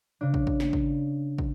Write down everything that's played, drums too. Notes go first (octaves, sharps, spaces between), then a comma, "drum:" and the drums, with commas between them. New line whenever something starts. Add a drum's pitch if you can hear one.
C#3 D4
drum: kick
drum: kick
drum: snare
drum: kick
drum: kick